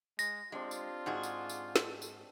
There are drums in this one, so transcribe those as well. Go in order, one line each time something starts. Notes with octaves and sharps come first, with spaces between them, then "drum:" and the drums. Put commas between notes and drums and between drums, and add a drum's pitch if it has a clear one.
G#3 A#6, drum: tambourine
G#3 C4 D4 F4 G4
drum: tambourine
G#2 F#4 G#4
drum: tambourine
drum: tambourine
drum: snare
drum: tambourine